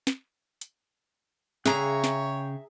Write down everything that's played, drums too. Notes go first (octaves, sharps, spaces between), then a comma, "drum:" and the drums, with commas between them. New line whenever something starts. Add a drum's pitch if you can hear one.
drum: snare
drum: hi-hat
C#3 G#4 C#5 E5 G5 A#5 F#6, drum: snare
drum: snare